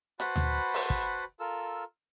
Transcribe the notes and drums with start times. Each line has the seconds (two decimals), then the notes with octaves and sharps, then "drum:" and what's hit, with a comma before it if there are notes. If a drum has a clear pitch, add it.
0.20 F#4 B4 C5 F#5 A5 B5, drum: hi-hat
0.36 drum: tom D2
0.74 drum: open hi-hat
0.90 drum: kick
1.40 F4 A4 A#4 E6